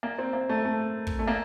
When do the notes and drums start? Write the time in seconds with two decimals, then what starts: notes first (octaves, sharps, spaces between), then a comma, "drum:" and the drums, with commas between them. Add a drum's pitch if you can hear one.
0.03 A#3
0.19 C4
0.33 A#3
0.49 A3
0.65 A3
1.07 drum: kick
1.19 A3
1.28 A#3